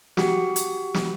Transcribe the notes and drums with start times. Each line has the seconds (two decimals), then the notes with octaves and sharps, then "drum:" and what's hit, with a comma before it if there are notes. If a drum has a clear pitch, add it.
0.17 F#4 G4 C#7, drum: snare
0.56 drum: hi-hat
0.94 drum: snare